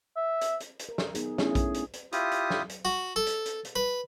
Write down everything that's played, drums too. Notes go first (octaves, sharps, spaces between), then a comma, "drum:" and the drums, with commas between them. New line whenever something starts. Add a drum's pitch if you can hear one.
E5
drum: hi-hat
drum: hi-hat
drum: hi-hat
A#4
drum: snare
B3 D#4 G#4, drum: hi-hat
A3 B3 C#4 D4 E4 G#4, drum: snare
drum: kick A#1, hi-hat
drum: hi-hat
drum: hi-hat
E4 F4 G4 D#6, drum: hi-hat
drum: hi-hat
drum: snare
drum: hi-hat
F#4
A4
drum: hi-hat
drum: hi-hat
drum: hi-hat
B4